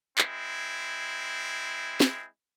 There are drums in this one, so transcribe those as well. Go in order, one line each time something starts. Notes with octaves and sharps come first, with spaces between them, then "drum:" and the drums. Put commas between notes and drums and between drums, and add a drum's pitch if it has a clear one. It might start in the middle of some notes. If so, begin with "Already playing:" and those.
G#3 C4 E4, drum: clap
drum: snare